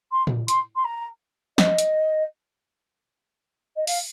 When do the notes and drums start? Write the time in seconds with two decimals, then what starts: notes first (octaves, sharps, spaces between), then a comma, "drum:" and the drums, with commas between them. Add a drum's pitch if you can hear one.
0.12 C6
0.27 drum: tom A2
0.48 C6, drum: hi-hat
0.76 C6
0.85 A#5
1.58 D#5, drum: snare
1.78 drum: hi-hat
3.76 D#5
3.87 F5, drum: open hi-hat